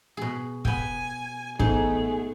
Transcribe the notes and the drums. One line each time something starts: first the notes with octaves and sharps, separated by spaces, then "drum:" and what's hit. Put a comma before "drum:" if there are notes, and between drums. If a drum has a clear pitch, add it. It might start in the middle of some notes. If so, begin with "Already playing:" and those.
B2 G#4
B3 G5 G#5, drum: kick
A1 G#2 A3 B3 D#4 G#4, drum: kick